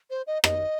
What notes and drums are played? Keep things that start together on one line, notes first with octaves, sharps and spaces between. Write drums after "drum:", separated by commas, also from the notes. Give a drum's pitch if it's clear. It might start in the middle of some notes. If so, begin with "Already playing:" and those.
C5
D#5
D#5, drum: rim click